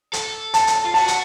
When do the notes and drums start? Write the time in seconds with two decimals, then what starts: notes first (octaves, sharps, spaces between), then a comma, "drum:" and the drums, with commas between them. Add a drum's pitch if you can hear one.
0.13 A4, drum: hi-hat
0.54 A5, drum: hi-hat
0.67 drum: hi-hat
0.85 F4
0.94 F#4 A5, drum: open hi-hat
1.08 drum: hi-hat